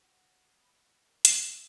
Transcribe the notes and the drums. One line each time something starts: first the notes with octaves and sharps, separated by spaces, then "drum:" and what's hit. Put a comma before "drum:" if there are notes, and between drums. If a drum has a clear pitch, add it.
F#4
B3
F#5
A#4
C4, drum: hi-hat
E5